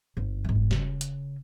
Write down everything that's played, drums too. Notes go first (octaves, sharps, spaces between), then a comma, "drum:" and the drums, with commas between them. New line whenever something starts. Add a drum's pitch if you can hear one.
G1
G#2 G#3
drum: kick F1
C#3, drum: snare
drum: hi-hat